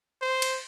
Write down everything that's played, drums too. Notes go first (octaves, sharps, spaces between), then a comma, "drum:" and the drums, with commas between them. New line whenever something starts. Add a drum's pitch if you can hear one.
C5
drum: cymbal